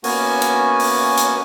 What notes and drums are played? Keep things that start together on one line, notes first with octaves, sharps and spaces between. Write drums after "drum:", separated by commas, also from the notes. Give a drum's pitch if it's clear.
A#3 B3 C#4 F#4 G#5, drum: open hi-hat
drum: hi-hat
drum: open hi-hat
drum: hi-hat